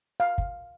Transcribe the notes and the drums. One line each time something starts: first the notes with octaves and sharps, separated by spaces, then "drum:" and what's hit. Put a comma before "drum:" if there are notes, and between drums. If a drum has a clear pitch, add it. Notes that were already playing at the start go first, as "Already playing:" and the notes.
F5
drum: kick